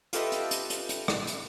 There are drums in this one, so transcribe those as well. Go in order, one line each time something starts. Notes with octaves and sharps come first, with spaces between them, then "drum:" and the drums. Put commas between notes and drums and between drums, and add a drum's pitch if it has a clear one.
F4 G4 A4 B4 D#5 E5, drum: hi-hat
drum: hi-hat
drum: hi-hat
drum: hi-hat
drum: hi-hat
drum: rim click
drum: hi-hat